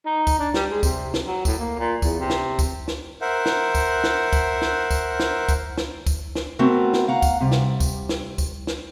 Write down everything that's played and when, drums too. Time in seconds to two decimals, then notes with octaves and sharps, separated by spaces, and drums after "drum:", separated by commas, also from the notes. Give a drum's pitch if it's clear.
0.05 D#4
0.27 drum: kick, tambourine
0.38 D4
0.54 G3, drum: snare
0.71 G#3
0.83 C3, drum: kick, tambourine
1.14 drum: snare
1.26 F#3
1.45 A2, drum: kick, tambourine
1.58 A#3
1.79 A#2
2.02 E2, drum: kick, tambourine
2.19 C3
2.30 drum: snare
2.59 drum: kick, tambourine
2.88 drum: snare
3.21 A#4 C5 E5 F#5
3.46 drum: snare
3.75 drum: kick, tambourine
4.04 drum: snare
4.33 drum: kick, tambourine
4.62 drum: snare
4.91 drum: kick, tambourine
5.20 drum: snare
5.49 drum: kick, tambourine
5.78 drum: snare
6.07 drum: kick, tambourine
6.35 drum: snare
6.59 A3 B3 C4 F#4 A#4
6.93 drum: snare
7.08 F5 F#5 A#5
7.22 drum: kick, tambourine
7.41 C3 G3
7.51 drum: snare
7.80 drum: kick, tambourine
8.09 drum: snare
8.38 drum: kick, tambourine
8.67 drum: snare